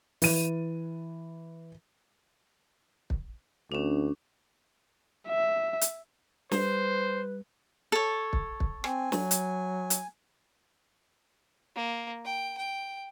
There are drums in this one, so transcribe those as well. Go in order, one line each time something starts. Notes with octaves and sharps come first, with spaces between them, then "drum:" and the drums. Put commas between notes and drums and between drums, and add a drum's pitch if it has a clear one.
E3 D#7, drum: open hi-hat
drum: kick
D2 C#4 D4
E5
drum: hi-hat
G3 B4 C5, drum: snare
A4 C#5
drum: kick
drum: kick
C4 G#5, drum: rim click
F#3, drum: snare
drum: hi-hat
drum: hi-hat
A#3
G5
G5